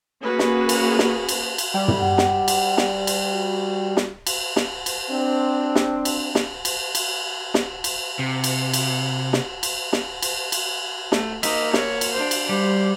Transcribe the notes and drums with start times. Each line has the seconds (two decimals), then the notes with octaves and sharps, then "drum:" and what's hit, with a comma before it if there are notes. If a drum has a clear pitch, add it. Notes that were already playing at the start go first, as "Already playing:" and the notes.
0.23 A#3 C#4 F#4 G#4 B4
0.39 drum: snare
0.69 drum: cymbal
0.99 drum: snare
1.29 drum: cymbal
1.58 drum: cymbal
1.74 G3
1.88 drum: tom
1.99 F#5
2.18 drum: snare
2.48 drum: cymbal
2.78 drum: snare
3.07 drum: cymbal
3.31 F#4
3.97 drum: snare
4.27 drum: cymbal
4.56 drum: snare
4.86 drum: cymbal
5.10 C4 D4
5.76 drum: snare
6.05 drum: cymbal
6.35 drum: snare
6.65 drum: cymbal
6.95 drum: cymbal
7.54 drum: snare
7.84 drum: cymbal
8.19 C3
8.44 drum: cymbal
8.73 drum: cymbal
9.33 drum: snare
9.63 drum: cymbal
9.93 drum: snare
10.22 drum: cymbal
10.52 drum: cymbal
11.12 A3, drum: snare
11.43 A#3 D#4 D#5 E5, drum: cymbal
11.74 C#5, drum: snare
12.01 drum: cymbal
12.13 D4 C5
12.31 drum: cymbal
12.49 G3 C5